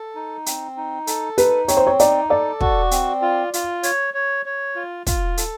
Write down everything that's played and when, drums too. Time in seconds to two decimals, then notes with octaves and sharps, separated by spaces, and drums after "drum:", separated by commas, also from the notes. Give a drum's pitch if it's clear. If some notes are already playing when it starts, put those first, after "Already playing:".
Already playing: A4
0.15 D#4
0.46 C4, drum: hi-hat
0.77 D#4
1.07 A4, drum: hi-hat
1.38 D#4 B4, drum: hi-hat
1.68 C4 C#5, drum: hi-hat
1.77 C5
1.87 C#5
1.99 D#4 D5, drum: hi-hat
2.30 A4 D5
2.61 F#4, drum: kick
2.91 C4, drum: hi-hat
3.22 F4
3.54 F4, drum: hi-hat
3.83 C#5, drum: hi-hat
4.14 C#5
4.46 C#5
4.75 F4
5.06 F4, drum: kick, hi-hat
5.37 A4, drum: hi-hat